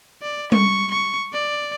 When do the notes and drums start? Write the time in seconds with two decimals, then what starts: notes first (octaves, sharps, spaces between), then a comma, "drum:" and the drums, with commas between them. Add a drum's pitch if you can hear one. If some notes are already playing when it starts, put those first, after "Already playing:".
0.22 D5
0.52 C#6, drum: tom G3
0.91 C#6
1.33 D5